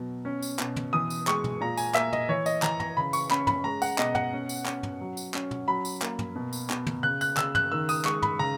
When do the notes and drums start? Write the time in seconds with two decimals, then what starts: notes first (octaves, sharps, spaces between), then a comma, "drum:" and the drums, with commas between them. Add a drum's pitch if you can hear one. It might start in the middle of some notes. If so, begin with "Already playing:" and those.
Already playing: B2 F#3
0.25 C#4
0.42 drum: tambourine
0.59 B2, drum: clap
0.76 drum: tom
0.93 E3 D#6
1.10 drum: tambourine
1.27 G#3 C#6, drum: clap
1.44 drum: tom
1.61 A#2 A#5
1.77 G#5, drum: tambourine
1.95 A#3 E5, drum: clap
2.13 D#5, drum: tom
2.29 E3 C#5
2.46 D#5, drum: tambourine
2.62 E3 A#5, drum: clap
2.80 A#5, drum: tom
2.97 C#3 B5
3.13 C#6, drum: tambourine
3.31 C#4 B5, drum: clap
3.47 B5, drum: tom
3.64 G#3 A#5
3.82 F#5, drum: tambourine
3.98 B2 D#5, drum: clap
4.15 F#5, drum: tom
4.33 C#4
4.49 drum: tambourine
4.66 C#4, drum: clap
4.83 drum: tom
5.01 F#3
5.17 drum: tambourine
5.34 C#4, drum: clap
5.51 drum: tom
5.67 F#3 B5
5.85 drum: tambourine
6.02 A#3, drum: clap
6.19 drum: tom
6.35 B2
6.53 drum: tambourine
6.70 B2, drum: clap
6.87 drum: tom
7.03 C#3 F#6
7.21 F#6, drum: tambourine
7.37 C#3 E6, drum: clap
7.55 F#6, drum: tom
7.72 D#3 E6
7.89 D#6, drum: tambourine
8.05 G#3 C#6, drum: clap
8.22 B5, drum: tom
8.39 C#3 A#5